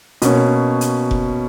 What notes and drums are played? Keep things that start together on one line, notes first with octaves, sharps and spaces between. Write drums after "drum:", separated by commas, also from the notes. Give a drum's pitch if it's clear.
B2 A#3 C#4, drum: hi-hat
drum: hi-hat
drum: kick F1